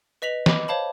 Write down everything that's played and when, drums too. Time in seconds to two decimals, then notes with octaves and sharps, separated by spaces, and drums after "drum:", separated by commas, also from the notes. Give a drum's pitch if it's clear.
0.22 B4 D#5 B6 F7 F#7
0.46 D#5 B5 D6, drum: snare
0.68 C5 C#5 F5 A5 B5